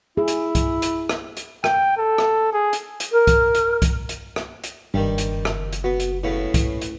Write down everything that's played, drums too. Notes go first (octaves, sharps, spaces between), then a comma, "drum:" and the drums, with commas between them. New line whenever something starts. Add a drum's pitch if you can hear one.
E4 G#4
drum: hi-hat
drum: kick C2, hi-hat
drum: hi-hat
drum: rim click
drum: hi-hat
G5, drum: rim click
A4
drum: rim click
G#4
drum: hi-hat
drum: hi-hat
A#4
drum: kick C2, hi-hat
drum: hi-hat
drum: kick C2, hi-hat
drum: hi-hat
drum: rim click
drum: hi-hat
F#1 G2 D#3 G3
drum: hi-hat
drum: rim click
drum: hi-hat
B3 F#4
drum: hi-hat
A2 C#3 B3 E4
drum: kick C2, hi-hat
drum: hi-hat